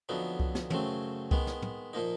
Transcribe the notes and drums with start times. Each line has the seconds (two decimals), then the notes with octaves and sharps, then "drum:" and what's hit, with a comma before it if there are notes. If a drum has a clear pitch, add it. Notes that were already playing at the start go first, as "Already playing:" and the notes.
0.09 F2 D3 F#3 B3 D#4
0.40 drum: kick C2
0.55 drum: snare
0.70 F#2 C#3 F#3 A3 C4, drum: tom
1.31 D#3 G#3 B3, drum: kick C2
1.47 drum: snare
1.62 drum: tom
1.93 A#2 F3 A#3 D#4